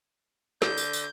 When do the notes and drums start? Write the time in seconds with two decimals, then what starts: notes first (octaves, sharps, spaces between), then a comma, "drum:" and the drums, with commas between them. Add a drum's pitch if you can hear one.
0.62 D3 G6, drum: snare
0.78 drum: tambourine
0.93 drum: tambourine